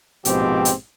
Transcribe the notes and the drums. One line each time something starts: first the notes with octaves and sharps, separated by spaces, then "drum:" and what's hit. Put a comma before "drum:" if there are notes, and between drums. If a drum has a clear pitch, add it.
A#1 G#2 B2 F3 C4 G4, drum: hi-hat
drum: hi-hat